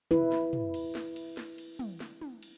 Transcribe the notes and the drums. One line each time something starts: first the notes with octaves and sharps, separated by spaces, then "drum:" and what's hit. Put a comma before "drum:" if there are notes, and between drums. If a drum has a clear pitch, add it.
E4 B4, drum: tom
drum: snare
drum: tom
drum: cymbal
drum: snare
drum: cymbal
drum: snare
drum: cymbal
drum: tom
drum: snare
drum: tom
drum: cymbal